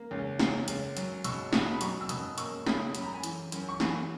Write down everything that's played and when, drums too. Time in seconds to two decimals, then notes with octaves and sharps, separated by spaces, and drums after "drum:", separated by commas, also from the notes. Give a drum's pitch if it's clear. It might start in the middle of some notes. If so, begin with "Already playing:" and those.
Already playing: A#3
0.11 C#2
0.39 C#2, drum: snare
0.68 C#2, drum: hi-hat
0.97 F#3, drum: hi-hat
1.24 B2 C#6 E6, drum: hi-hat
1.53 B2 B5 D#6, drum: snare
1.71 B5
1.81 F#3 A#5 C#6, drum: hi-hat
2.01 E6
2.09 B2 B5 D#6, drum: hi-hat
2.38 A#3 C#6 E6, drum: hi-hat
2.66 C#2 B5 D#6, drum: snare
2.95 F#2 B5, drum: hi-hat
3.04 A#5
3.13 G#5 B5
3.24 E3, drum: hi-hat
3.52 F#2, drum: hi-hat
3.69 C#6
3.80 E3 G#5 B5, drum: snare